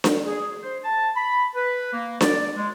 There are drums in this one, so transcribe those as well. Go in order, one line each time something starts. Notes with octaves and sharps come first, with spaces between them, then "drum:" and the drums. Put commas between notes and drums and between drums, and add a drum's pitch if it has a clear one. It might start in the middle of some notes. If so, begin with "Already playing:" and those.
drum: snare D4
G#4
C5
A5
B5
B4
A#3
D5, drum: snare D4
G#3